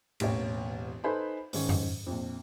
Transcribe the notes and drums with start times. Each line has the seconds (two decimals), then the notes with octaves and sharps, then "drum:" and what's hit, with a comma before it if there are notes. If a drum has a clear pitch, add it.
0.20 E1 A1 A#3 C#5, drum: cymbal
1.04 D#4 A4 B4 C5 G#5 B5
1.53 G#2 D#3 C#4, drum: open hi-hat
1.69 drum: tom F2
2.06 A#1 F2